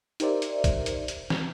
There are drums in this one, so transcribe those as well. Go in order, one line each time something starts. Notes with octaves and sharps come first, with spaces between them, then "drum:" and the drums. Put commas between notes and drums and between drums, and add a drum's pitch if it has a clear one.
D#4 G4 A#4 C5 D5 E5, drum: hi-hat
drum: hi-hat
drum: kick, hi-hat
drum: hi-hat
drum: hi-hat
drum: snare